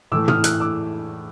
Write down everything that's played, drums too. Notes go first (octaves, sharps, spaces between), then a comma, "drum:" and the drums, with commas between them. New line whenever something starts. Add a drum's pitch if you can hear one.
A2 E3 A3 D6 E6
D#6 F6, drum: tom
E6 F#6, drum: hi-hat
D6 E6